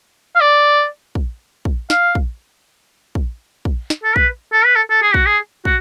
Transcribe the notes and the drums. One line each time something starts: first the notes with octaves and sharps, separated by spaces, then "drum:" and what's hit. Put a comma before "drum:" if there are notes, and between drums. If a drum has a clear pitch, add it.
F5
D5
drum: kick
drum: kick
F5, drum: snare
drum: kick
drum: kick
drum: kick
drum: snare
A4
B4, drum: kick
A4
B4
A4
A4
G#4
F#4, drum: kick
G#4
F#4, drum: kick